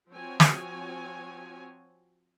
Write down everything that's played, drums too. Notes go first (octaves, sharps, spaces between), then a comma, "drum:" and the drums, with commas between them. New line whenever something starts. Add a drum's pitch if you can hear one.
F3 C4 F#4 C#5 G#5
drum: snare